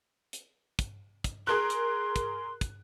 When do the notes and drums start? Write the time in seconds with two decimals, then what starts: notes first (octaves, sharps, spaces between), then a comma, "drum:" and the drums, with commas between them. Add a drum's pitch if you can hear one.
0.33 drum: hi-hat
0.79 drum: kick, hi-hat
1.24 drum: kick, hi-hat
1.47 G#4 A#4 C6 F#6
1.70 drum: hi-hat
2.16 drum: kick, hi-hat
2.61 drum: kick, hi-hat